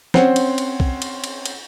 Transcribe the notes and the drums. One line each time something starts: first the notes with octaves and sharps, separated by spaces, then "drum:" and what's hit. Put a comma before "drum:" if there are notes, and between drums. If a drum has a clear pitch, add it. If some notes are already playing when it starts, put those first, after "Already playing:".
C4 C#4 C5 F#5, drum: snare
drum: cymbal
drum: cymbal
drum: kick
drum: cymbal
drum: cymbal
drum: cymbal